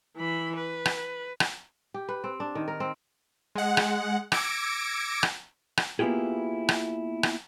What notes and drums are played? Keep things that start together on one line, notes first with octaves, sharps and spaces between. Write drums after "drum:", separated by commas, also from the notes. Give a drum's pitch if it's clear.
E3 B5
B4
drum: rim click
drum: rim click
G4
B4
C4
D4
D#3
A#4
C4
G#3 F#5
drum: rim click
D6 E6 G#6 A#6 C#7 D7, drum: rim click
drum: rim click
drum: rim click
A#3 B3 E4 F4 G4 G#4
drum: rim click
drum: rim click